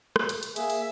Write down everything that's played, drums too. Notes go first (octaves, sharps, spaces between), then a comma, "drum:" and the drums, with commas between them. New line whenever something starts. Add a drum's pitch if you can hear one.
drum: rim click
drum: hi-hat
drum: hi-hat
A#3 G#4 E5, drum: hi-hat
drum: open hi-hat